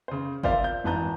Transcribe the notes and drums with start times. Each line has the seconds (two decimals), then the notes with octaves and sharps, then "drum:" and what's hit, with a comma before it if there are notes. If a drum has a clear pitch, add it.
0.08 C#3 C5
0.43 F4 A#4 C5 D5 E5 F5, drum: kick G1
0.64 G6
0.84 G#1 E3 B4 A5 A#5 G6